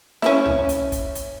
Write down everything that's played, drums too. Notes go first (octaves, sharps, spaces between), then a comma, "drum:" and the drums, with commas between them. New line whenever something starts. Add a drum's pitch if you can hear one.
C#4 E4, drum: snare
drum: tom C2
drum: hi-hat
drum: kick, hi-hat
drum: hi-hat